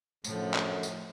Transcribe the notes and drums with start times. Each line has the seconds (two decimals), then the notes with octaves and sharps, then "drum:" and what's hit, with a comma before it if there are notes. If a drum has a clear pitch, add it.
0.24 F#2 A2 D3 F3, drum: tambourine
0.54 drum: clap
0.83 drum: tambourine